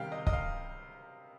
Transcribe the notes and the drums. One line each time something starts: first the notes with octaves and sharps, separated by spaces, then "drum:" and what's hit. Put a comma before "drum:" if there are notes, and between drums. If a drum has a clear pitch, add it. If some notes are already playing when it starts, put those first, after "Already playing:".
Already playing: C3 D#3 G3 F5 G5
D#5
D#5, drum: kick
F5